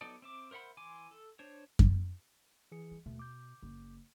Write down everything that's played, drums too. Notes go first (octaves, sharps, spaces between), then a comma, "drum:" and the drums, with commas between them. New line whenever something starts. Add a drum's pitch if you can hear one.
F#3 B3 D#4 A4 D5
C4 E5 D6
A#4 C5 E5 F#5 B5
E3 G#5 C6 D6
A4
D4 C5 C#5
drum: kick F#2
E3 G#4 C#7
G#3
D#2 B2 A3
D6 G6
F#1